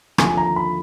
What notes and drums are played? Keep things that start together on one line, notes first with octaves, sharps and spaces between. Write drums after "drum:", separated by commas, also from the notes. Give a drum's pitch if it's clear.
D#2 D3 F3 A3 G#5, drum: rim click
A#5
B5